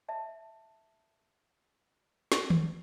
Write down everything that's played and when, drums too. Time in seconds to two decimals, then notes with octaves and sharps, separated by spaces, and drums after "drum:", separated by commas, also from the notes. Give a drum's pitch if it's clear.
0.09 E5 A5
2.32 drum: snare
2.50 drum: tom D#3